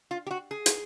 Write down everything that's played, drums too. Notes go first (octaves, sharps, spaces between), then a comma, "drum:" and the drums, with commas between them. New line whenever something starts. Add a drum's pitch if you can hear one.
F4
G4
F#4
G#4
drum: hi-hat